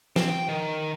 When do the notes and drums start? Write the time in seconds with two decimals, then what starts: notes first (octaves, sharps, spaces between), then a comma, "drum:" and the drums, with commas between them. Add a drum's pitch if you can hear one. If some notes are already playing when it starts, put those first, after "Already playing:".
0.16 C4, drum: snare
0.30 G5
0.49 D#3